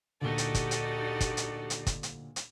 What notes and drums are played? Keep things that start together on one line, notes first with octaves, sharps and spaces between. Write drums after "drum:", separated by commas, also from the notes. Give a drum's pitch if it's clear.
D2 A#2 D#4 F#4 G4 A4 D5 G7
drum: hi-hat
drum: kick, hi-hat
drum: hi-hat
drum: kick, hi-hat
drum: hi-hat
drum: hi-hat
drum: kick, hi-hat
drum: hi-hat
drum: hi-hat